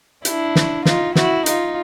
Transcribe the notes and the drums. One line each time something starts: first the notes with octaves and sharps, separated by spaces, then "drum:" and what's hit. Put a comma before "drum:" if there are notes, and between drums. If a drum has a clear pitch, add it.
D4 E4, drum: hi-hat
drum: snare
D#4 F4, drum: snare
E4 F#4, drum: snare
D#4 F4, drum: hi-hat